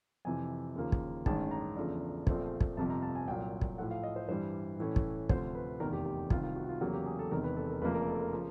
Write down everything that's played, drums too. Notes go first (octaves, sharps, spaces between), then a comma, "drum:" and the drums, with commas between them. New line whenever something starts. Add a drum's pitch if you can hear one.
F2 C3 E3 G#5
D#2 C#3 F3 A#3
drum: kick
A1 G2 D#3 G#3 C#4 A5, drum: kick
A#5
E2 C#3 F3 A3 D4
A#1 A#2 F3 A3 C4, drum: kick
drum: kick
G1 F2 C3 F3 A5
A#5
A5
G#5
C2 A#2 F#3 G5
drum: kick
A2 F3 A3 F#5
F5
D#5
C5
G2 E3 G3 C5
A2 E3 A3 C#4
drum: kick
D2 C3 F3 C5, drum: kick
B4
F1 E2 C3 D#3 A#4
G4
G4
C2 C3 D#3 F4, drum: kick
F4
F#4
F4
E2 C#3 F#3 A#3 G4
G4
G#4
A4
E1 E2 C3 D#3 A#4
B4
A4
A#4
F1 F2 C#3 F3 A#3 B4
A#4
A4
A#4
C#3 F3